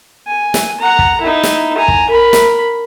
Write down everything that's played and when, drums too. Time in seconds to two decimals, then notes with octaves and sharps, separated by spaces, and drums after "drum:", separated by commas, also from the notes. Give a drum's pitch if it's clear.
0.27 G#5
0.54 drum: snare
0.80 F#5 A#5
0.99 drum: kick
1.21 D#4 E4
1.43 drum: snare
1.78 G#5 A#5
1.88 drum: kick
2.10 A#4 B5
2.33 drum: snare